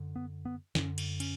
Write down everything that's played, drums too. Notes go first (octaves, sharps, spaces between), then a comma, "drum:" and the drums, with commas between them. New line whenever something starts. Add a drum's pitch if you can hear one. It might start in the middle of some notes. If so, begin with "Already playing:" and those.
Already playing: F#2 D3
B3
B3
F#2 D3 C#4, drum: snare
drum: cymbal
C#4, drum: cymbal